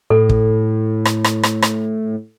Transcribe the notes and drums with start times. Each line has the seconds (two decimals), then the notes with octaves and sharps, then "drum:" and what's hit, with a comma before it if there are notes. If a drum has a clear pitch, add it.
0.10 A2 A4
0.29 drum: kick
1.05 drum: rim click
1.24 drum: rim click
1.43 drum: rim click
1.62 drum: rim click